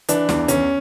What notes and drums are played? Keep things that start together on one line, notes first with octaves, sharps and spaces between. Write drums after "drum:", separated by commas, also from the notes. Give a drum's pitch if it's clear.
E3 D4, drum: hi-hat
E2, drum: snare
E2 C#4, drum: hi-hat